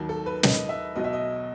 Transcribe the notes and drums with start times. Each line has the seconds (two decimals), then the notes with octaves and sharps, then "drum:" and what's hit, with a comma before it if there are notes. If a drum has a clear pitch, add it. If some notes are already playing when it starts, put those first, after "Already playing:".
Already playing: D#2 D#3 F#3
0.09 A4
0.26 B4
0.43 D#5, drum: snare
0.69 E5
0.95 B1 B2 F#3 D#5
1.04 E5
1.13 D#5